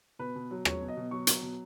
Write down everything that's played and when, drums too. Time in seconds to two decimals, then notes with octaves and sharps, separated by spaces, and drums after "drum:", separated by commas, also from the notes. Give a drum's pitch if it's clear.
0.19 B2 B4
0.36 B2
0.51 F#3
0.65 F#3 C#5, drum: rim click
0.81 B2
0.88 D#5
0.97 B2
1.11 F#3 C#6
1.27 F#3, drum: hi-hat
1.42 B2